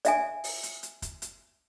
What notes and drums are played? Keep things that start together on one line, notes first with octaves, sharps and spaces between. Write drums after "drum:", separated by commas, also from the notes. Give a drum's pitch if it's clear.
D5 E5 G#5, drum: hi-hat
drum: open hi-hat
drum: hi-hat
drum: hi-hat
drum: kick, hi-hat
drum: hi-hat